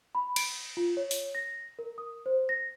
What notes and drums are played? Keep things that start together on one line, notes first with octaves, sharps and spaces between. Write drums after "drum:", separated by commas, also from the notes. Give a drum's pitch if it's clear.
B5
D7, drum: cymbal
F4
C#5
drum: open hi-hat
A#6
A#4
D#6
C5
A#6